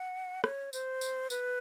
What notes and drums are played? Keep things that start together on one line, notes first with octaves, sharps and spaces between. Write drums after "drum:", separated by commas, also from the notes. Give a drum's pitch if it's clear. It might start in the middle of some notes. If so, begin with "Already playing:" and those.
Already playing: F#5
C#5, drum: rim click
C5, drum: tambourine
drum: tambourine
B4, drum: tambourine